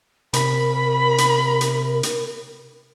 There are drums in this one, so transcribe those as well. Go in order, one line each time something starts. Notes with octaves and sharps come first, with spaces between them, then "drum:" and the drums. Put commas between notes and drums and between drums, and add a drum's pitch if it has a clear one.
C3 A#4 B5, drum: hi-hat
drum: hi-hat
drum: hi-hat
drum: hi-hat